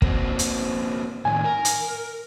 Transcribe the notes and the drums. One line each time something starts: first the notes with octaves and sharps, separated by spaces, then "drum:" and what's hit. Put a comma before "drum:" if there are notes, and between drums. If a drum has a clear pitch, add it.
A#3 C4 F#4, drum: kick
drum: hi-hat
A2 D#3 G#5
A#4
drum: hi-hat